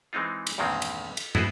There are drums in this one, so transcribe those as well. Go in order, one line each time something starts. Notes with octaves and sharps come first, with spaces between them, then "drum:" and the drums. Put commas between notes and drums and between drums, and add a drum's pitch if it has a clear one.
E3 G#3 C4 D#4 F4
drum: cymbal
E2 G2 A#2 D#3 G#3 C4
drum: cymbal
drum: cymbal
B3 E4 F#4 G#4 B4 C5, drum: tom